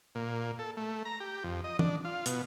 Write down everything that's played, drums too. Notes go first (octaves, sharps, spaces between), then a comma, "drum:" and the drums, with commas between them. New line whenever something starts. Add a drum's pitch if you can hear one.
A#2
A4
A3
A#5
G4
F2
D#5
D4, drum: tom
F4
B2, drum: hi-hat